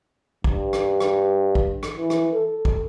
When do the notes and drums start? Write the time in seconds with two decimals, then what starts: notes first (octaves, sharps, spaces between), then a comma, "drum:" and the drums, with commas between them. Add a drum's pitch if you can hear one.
0.44 G2, drum: kick
0.73 drum: rim click
1.00 drum: rim click
1.55 drum: kick
1.83 drum: rim click
1.96 E3
2.10 drum: rim click
2.34 A4
2.65 drum: kick